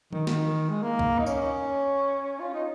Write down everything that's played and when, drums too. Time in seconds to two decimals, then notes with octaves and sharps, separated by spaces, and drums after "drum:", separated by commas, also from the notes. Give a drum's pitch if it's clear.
0.13 D#3, drum: tom E3
0.27 D#3, drum: snare
0.69 G#3
0.83 A#3
0.99 drum: kick C2
1.19 D#4
1.26 C#4, drum: tambourine
2.40 F4
2.54 D#4